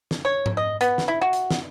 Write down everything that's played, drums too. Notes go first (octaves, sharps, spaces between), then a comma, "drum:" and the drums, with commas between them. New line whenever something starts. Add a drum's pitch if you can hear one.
drum: snare
C#5
drum: tom G#2
D#5
B3, drum: hi-hat
drum: snare
E4
F#4
drum: hi-hat
drum: snare